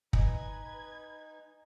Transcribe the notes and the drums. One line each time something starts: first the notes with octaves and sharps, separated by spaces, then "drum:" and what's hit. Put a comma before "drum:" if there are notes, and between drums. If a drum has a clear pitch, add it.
D#4 B4 D#5 G#5 G#6, drum: kick